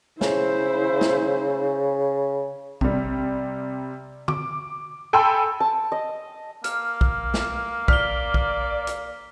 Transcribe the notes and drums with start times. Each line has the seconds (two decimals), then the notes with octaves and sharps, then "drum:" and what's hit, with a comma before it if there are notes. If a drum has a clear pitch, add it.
0.21 C#3 E4 C5, drum: snare
1.01 drum: snare
2.81 C3 G3, drum: kick B1
4.28 D6, drum: tom D3
5.13 A4 G5 G#5 B5 C6 E6
5.60 A5
5.92 D#5
6.64 A#3 F6, drum: hi-hat
7.01 drum: kick B1
7.34 drum: snare
7.88 D5 F6 B6 G7, drum: kick B1
8.34 drum: kick B1
8.87 drum: hi-hat